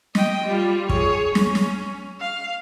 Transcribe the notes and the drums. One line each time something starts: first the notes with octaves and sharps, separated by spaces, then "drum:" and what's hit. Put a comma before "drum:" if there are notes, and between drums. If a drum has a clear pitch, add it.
D#5 G5, drum: snare
G3 F4
G#4 C#5, drum: kick
C#4, drum: snare
drum: snare
F5